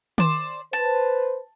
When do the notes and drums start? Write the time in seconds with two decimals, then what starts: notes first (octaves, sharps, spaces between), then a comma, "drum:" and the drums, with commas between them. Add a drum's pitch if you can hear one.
0.18 C5 D5, drum: tom D#3
0.73 B4 C5 A5